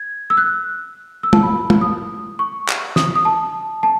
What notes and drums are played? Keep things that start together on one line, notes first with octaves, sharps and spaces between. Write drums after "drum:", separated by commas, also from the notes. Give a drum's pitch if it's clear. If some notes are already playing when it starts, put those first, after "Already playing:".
Already playing: G#6
E6
F#6
E6
A5, drum: tom
B5
drum: tom
D#6
C#6
drum: clap
D#6, drum: snare
D#6
A5
A5